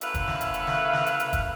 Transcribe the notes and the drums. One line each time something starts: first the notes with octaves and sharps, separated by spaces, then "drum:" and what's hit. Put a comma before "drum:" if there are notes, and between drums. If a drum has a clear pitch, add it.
F#2 A3 E4 B4 F5, drum: hi-hat
drum: kick, hi-hat
drum: snare
drum: hi-hat
drum: hi-hat
drum: snare
drum: snare
drum: hi-hat
drum: hi-hat
drum: kick, hi-hat